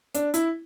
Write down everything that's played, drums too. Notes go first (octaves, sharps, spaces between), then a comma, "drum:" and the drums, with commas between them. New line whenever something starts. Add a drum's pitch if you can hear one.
D4, drum: hi-hat
E4, drum: hi-hat